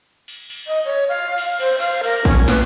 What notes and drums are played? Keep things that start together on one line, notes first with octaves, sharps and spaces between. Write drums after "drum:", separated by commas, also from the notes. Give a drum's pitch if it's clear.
drum: cymbal
drum: cymbal
D#5
C#5
F5
drum: cymbal
C5, drum: cymbal
F5, drum: cymbal
A#4, drum: cymbal
C#4, drum: kick A#1, cymbal
B4, drum: snare